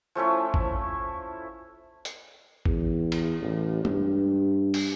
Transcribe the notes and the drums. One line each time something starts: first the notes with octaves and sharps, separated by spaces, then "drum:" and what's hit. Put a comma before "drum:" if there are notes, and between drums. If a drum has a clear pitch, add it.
F3 A3 C#4 E4
drum: kick G#1
drum: hi-hat
E2, drum: kick G#1
drum: cymbal
A1
G2, drum: tom
drum: open hi-hat